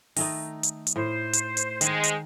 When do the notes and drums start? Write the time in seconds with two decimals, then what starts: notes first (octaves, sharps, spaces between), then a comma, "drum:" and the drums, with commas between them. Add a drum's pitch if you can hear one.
0.16 D#3 A3 D#4, drum: open hi-hat
0.63 drum: hi-hat
0.87 drum: hi-hat
0.96 A2 C5
1.33 drum: hi-hat
1.57 drum: hi-hat
1.81 D#3 G#3, drum: hi-hat
2.03 drum: hi-hat